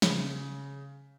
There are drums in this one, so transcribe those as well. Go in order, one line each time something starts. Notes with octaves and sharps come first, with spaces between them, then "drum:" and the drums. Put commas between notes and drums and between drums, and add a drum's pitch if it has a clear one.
C#3, drum: snare